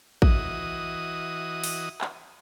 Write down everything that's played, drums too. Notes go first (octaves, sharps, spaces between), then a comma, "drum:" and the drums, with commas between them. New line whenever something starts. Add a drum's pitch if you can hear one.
E3 F#4 D#5 D#6, drum: kick A1
drum: open hi-hat
drum: clap